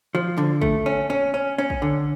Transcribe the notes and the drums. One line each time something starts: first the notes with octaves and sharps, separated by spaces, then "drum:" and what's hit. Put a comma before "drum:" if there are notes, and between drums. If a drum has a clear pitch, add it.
F3
D3
A3, drum: kick
C#4
C#4
C#4
C#4
drum: kick
D3